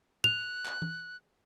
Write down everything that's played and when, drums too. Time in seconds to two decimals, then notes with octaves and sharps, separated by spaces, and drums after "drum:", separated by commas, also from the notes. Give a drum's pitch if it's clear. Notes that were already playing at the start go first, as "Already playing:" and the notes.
0.24 F#6 F7, drum: tom A2
0.66 drum: clap
0.82 drum: tom